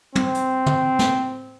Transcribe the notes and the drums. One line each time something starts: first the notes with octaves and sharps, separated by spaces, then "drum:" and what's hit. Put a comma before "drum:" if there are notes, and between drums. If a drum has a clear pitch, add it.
C4, drum: tom
drum: hi-hat
drum: tom
drum: snare